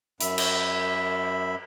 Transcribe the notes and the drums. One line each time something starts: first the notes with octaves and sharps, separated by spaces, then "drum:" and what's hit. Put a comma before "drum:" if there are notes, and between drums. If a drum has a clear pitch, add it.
F#2 E5 B5, drum: hi-hat
drum: cymbal